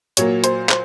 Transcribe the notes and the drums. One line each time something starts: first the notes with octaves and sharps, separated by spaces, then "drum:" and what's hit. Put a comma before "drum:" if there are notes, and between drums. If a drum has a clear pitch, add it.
A#2 F#3 A#3 C#5, drum: hi-hat
C5, drum: hi-hat
C5, drum: clap